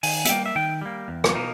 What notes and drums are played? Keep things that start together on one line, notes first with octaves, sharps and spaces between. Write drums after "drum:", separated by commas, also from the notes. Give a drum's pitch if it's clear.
D#3 G#5, drum: open hi-hat
E5, drum: hi-hat
G3 A#3 G5
E5
D#3 G5
G3 A#3
E2
drum: rim click
B2 A#3 D#4